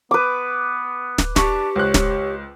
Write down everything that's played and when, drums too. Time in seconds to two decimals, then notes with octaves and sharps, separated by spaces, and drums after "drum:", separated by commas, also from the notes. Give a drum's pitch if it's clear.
0.11 B3 B4 D6
1.18 drum: snare
1.36 D4 G4 C#6, drum: snare
1.76 C#2 C5 C#5 F#6
1.94 drum: snare